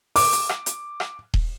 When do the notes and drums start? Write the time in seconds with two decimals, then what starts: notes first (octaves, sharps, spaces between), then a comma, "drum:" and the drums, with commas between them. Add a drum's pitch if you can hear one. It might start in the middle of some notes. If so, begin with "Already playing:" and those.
0.16 D6, drum: open hi-hat
0.32 drum: hi-hat
0.49 drum: rim click
0.66 drum: hi-hat
1.00 drum: rim click
1.34 drum: kick D#1